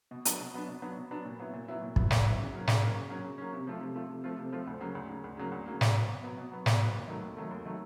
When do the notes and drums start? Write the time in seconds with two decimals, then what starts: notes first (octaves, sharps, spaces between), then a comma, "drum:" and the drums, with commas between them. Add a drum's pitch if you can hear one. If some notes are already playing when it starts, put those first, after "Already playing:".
0.11 B2
0.25 F#3 B3 D4, drum: hi-hat
0.40 B2
0.54 F#3 B3 D4
0.68 B2
0.82 F#3 B3 D4
0.97 B2
1.11 F#3 B3 D4
1.25 A#2
1.40 F#3 B3 E4
1.53 A#2
1.68 F#3 B3 E4
1.82 A#2
1.96 F#3 B3 E4, drum: kick
2.11 A#2, drum: snare
2.25 F#3 B3 E4
2.39 C#3
2.53 F#3 A#3 C#4
2.67 C#3, drum: snare
2.81 F#3 A#3 C#4
2.96 C#3
3.10 F#3 A#3 C#4
3.24 C#3
3.38 F#3 A#3 C#4
3.53 C3
3.67 F3 A3 C4 F4
3.81 C3
3.95 F3 A3 C4 F4
4.10 C3
4.24 F3 A3 C4 F4
4.38 C3
4.52 F3 A3 C4 F4
4.67 D2
4.81 C#3 F#3 A#3
4.95 D2
5.09 C#3 F#3 A#3
5.24 D2
5.37 C#3 F#3 A#3
5.52 D2
5.66 C#3 F#3 A#3
5.81 B2, drum: snare
5.95 F#3 B3
6.09 B2
6.24 F#3 B3
6.37 B2
6.52 F#3 B3
6.66 B2, drum: snare
6.80 F#3 B3
6.94 D#2
7.08 D#3 F#3 A3
7.23 D#2
7.37 D#3 F#3 A3
7.51 D#2
7.65 D#3 F#3 A3